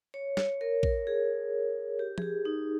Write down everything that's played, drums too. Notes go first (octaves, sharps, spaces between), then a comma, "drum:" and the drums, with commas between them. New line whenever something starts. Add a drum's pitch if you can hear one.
C#5
C#5, drum: snare
A#4
A#4, drum: kick
G#4
G4
G#4, drum: tom F3
G4
D#4